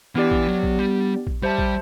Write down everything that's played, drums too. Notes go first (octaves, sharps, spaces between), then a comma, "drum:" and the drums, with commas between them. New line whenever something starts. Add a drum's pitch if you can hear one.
E3 B3 D4 G4 D5
drum: kick A#1
F#3
drum: kick A#1
G3
drum: kick A#1
G3 G4 C5 E5 A5
drum: kick A#1